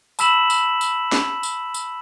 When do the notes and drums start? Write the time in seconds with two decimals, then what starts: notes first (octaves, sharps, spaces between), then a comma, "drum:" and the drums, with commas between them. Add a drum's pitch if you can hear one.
0.19 A5 B5 E6 B6 E7 F#7, drum: tambourine
0.50 drum: tambourine
0.81 drum: tambourine
1.12 drum: snare
1.43 drum: tambourine
1.74 drum: tambourine